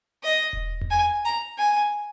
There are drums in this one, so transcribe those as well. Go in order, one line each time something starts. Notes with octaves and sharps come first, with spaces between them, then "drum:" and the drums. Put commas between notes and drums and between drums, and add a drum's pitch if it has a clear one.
D#5
drum: kick E1
drum: tom E2
G#5
A#5, drum: hi-hat
G#5